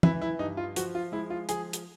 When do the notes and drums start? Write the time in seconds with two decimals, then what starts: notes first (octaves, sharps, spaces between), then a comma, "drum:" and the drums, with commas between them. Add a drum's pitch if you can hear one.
0.03 E3 E4, drum: tom
0.22 E4
0.39 G2 D#4
0.57 F4
0.76 F3 F#4, drum: hi-hat
0.95 F4
1.12 G#3 E4
1.30 F4
1.49 F3 G#4, drum: hi-hat
1.73 drum: hi-hat